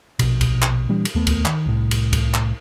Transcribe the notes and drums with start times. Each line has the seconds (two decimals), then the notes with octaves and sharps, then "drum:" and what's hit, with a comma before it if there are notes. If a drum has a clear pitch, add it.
0.19 A#1 B2, drum: cymbal
0.41 drum: kick C#2, cymbal
0.62 drum: clap
0.89 A#2 E3 G3 D4
1.05 drum: cymbal
1.15 D#2 A3 B3
1.27 drum: kick C#2, cymbal
1.45 D#3, drum: clap
1.66 C2 A2
1.91 drum: cymbal
2.13 drum: kick C#2, cymbal
2.34 drum: clap